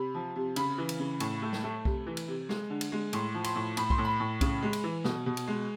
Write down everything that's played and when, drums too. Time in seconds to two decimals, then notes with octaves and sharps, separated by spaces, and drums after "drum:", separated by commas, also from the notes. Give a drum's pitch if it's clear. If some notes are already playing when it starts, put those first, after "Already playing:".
Already playing: C3 B5
0.15 F3
0.36 C3
0.56 C#3 B5, drum: cymbal
0.78 E3
0.89 drum: cymbal
0.99 C#3
1.20 A2, drum: cymbal
1.42 A3
1.53 drum: snare
1.64 A3
1.85 C3, drum: kick B1
2.06 E3
2.17 drum: cymbal
2.28 C3
2.49 G#3, drum: snare
2.70 D3
2.81 drum: cymbal
2.92 G#3
3.13 A2 C6, drum: cymbal
3.34 F3
3.44 C6, drum: cymbal
3.55 A2
3.77 A2 B5, drum: cymbal
3.90 C6, drum: kick B1
3.98 A2
4.05 B5
4.20 A2
4.41 C#3, drum: kick B1, cymbal
4.63 G#3
4.73 drum: cymbal
4.84 E3
5.04 B2, drum: snare
5.26 B2
5.37 drum: cymbal
5.48 G#3